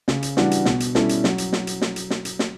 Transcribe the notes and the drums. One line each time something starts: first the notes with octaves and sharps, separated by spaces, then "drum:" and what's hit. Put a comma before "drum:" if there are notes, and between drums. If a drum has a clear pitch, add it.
C#3, drum: snare
drum: hi-hat
E3 G3 D4 F#4, drum: snare
drum: hi-hat
B2, drum: snare
drum: hi-hat
G3 C#4 E4 A4, drum: snare
drum: hi-hat
F#3, drum: snare
drum: hi-hat
drum: snare
drum: hi-hat
drum: snare
drum: hi-hat
drum: snare
drum: hi-hat
drum: snare